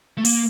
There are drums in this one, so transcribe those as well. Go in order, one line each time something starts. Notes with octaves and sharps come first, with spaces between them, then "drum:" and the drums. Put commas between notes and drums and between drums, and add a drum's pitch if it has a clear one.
A3
A#3, drum: open hi-hat